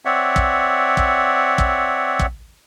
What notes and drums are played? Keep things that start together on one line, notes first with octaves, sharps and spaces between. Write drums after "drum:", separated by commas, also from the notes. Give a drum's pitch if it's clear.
C4 C#5 D5 E5 F#5
drum: kick
drum: kick
drum: kick
drum: kick